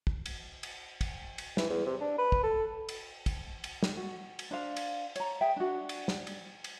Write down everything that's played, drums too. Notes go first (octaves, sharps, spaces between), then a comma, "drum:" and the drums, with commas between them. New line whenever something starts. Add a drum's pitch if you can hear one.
drum: kick
drum: cymbal
drum: cymbal
drum: kick, cymbal
drum: cymbal
E3, drum: snare
E2
C3
D4
B4
drum: kick
A4
drum: cymbal
drum: kick, cymbal
drum: cymbal
drum: snare
F#4
drum: cymbal
D4 C5 F5
drum: cymbal
C#5 A#5, drum: cymbal
G#4 E5 G5
D4 F#4
drum: cymbal
drum: snare
drum: cymbal
drum: cymbal